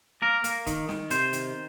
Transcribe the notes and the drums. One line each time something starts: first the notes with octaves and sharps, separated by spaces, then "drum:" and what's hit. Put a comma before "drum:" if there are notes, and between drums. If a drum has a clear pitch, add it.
A#3 A#4
A#3, drum: hi-hat
D#3, drum: kick D1, hi-hat
D#3, drum: snare
C3 C5, drum: hi-hat
D#3, drum: hi-hat